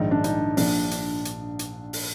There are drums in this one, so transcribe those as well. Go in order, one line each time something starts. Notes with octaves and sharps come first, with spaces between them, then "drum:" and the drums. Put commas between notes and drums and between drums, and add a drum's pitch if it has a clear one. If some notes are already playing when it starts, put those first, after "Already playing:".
Already playing: A#1 G#2 D#3 D#4
D4
D#4, drum: hi-hat
A#1 A#2 D4, drum: open hi-hat
drum: hi-hat
drum: hi-hat
drum: hi-hat
drum: open hi-hat